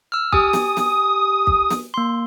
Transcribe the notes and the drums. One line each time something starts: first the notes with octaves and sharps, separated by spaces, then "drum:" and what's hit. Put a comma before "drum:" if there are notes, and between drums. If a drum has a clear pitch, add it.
E6 F6
G4 G#5 D#6, drum: kick
drum: snare
drum: snare
drum: kick
drum: snare
A#3 C6